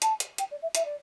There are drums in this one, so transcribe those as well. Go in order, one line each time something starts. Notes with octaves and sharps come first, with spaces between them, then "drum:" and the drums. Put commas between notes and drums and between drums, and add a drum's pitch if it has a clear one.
A5, drum: hi-hat
drum: hi-hat
G5, drum: hi-hat
D5
E5
E5, drum: hi-hat
D5